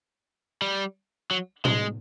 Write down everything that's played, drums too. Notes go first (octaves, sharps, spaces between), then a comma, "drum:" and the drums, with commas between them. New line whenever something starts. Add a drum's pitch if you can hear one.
G3
F#3
G#3, drum: tom A2